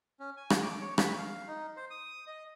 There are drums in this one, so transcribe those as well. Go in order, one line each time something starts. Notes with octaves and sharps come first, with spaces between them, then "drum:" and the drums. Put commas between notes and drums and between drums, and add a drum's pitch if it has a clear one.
C#4
G#5
drum: rim click
D6
C#5
B4, drum: rim click
F5
D#4
C5
D#6
D#5